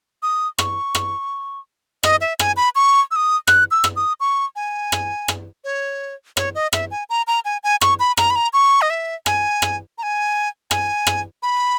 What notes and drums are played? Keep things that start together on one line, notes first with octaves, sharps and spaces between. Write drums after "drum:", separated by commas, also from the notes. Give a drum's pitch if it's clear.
D#6
C#6, drum: rim click
drum: rim click
D#5, drum: rim click
E5
G#5, drum: rim click
B5
C#6
E6
D#6
F#6, drum: rim click
E6
drum: rim click
D#6
C#6
G#5
drum: rim click
drum: rim click
C#5
C#5, drum: rim click
D#5
E5, drum: rim click
G#5
A#5
A#5
G#5
G#5
C#6, drum: rim click
B5
A#5, drum: rim click
B5
A#5
C#6
D#5
E5
G#5, drum: rim click
drum: rim click
A#5
G#5
G#5, drum: rim click
drum: rim click
B5